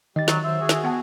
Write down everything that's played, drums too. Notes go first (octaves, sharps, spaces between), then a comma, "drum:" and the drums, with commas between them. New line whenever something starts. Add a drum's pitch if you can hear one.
D#3 G3 D#5 A6
F#3, drum: snare
F#3 C5 E5
F#4 G#4
drum: snare
B3 F#5 A5